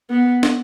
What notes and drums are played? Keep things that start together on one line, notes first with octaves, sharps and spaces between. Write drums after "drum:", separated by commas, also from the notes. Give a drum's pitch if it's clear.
B3
drum: snare